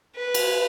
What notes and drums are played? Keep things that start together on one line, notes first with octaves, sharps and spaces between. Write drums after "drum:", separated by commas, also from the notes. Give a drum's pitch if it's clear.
B4
drum: cymbal